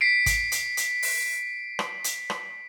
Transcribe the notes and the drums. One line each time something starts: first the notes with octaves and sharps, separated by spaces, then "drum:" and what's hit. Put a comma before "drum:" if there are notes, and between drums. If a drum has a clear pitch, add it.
B6 C7 D7
drum: kick, hi-hat
drum: hi-hat
drum: hi-hat
drum: open hi-hat
drum: rim click
drum: hi-hat
drum: rim click